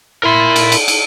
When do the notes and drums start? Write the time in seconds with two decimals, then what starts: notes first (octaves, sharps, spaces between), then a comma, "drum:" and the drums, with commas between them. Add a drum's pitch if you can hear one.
0.23 E4 A#4 C6
0.56 drum: cymbal
0.72 drum: cymbal
0.88 drum: cymbal